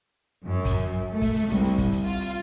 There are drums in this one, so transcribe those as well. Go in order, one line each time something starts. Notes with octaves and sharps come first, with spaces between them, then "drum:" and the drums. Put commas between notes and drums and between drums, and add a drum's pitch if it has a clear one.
F#2
drum: kick, hi-hat
A3
drum: kick, hi-hat
drum: hi-hat
C2, drum: hi-hat
drum: hi-hat
drum: kick, hi-hat
drum: hi-hat
F4
drum: hi-hat